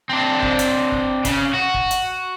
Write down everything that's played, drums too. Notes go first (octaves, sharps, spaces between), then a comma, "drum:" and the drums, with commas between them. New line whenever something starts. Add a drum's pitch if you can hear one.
C4 D4
drum: kick
drum: hi-hat
drum: kick
C#3, drum: kick, hi-hat
F#4
drum: kick
drum: hi-hat